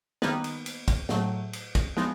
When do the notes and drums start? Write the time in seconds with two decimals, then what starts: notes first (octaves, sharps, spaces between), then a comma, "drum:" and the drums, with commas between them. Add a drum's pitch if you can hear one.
0.22 D#3 G3 A#3 B3 D#4 B4, drum: snare
0.44 drum: cymbal
0.66 drum: cymbal
0.88 drum: kick, cymbal
1.09 A2 F#3 A3, drum: snare
1.53 drum: cymbal
1.75 drum: kick, cymbal
1.97 F3 G#3 B3 D#4, drum: snare